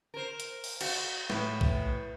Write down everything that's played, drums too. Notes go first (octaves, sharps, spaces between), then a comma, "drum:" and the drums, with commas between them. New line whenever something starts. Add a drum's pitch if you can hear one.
A#4 C5
drum: hi-hat
drum: open hi-hat
F#4, drum: cymbal
A2 E4 B4, drum: snare
drum: kick A#1